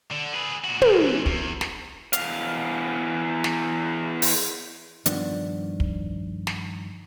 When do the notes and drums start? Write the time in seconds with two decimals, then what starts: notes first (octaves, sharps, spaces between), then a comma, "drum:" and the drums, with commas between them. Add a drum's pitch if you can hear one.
0.11 D3
0.34 G#4 B4
0.64 A#2 F#4
0.82 A#2 D#3, drum: tom
1.00 G#2 E3
1.26 E2, drum: kick
1.61 drum: snare
2.13 E2 F5, drum: hi-hat
3.44 drum: snare
4.22 drum: open hi-hat
5.06 G2 D#3 F3 B3 D4, drum: hi-hat
5.80 drum: kick
6.47 drum: snare